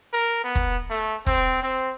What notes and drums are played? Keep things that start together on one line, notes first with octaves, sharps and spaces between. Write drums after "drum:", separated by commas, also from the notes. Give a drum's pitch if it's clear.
A#4
B3
drum: kick
A3
C4, drum: kick
C4